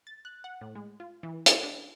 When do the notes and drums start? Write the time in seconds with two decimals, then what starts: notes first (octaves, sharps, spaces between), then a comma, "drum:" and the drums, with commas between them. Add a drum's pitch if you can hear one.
0.07 A6
0.25 F#6
0.44 F#5
0.61 A2
0.75 G#3
1.00 F4
1.23 E3
1.46 D#5, drum: hi-hat
1.63 D4